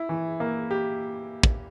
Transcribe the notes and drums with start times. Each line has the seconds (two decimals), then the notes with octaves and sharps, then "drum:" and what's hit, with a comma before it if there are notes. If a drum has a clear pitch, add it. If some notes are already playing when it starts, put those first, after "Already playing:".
Already playing: E4
0.09 E3
0.40 A#3
0.71 G4
1.43 drum: kick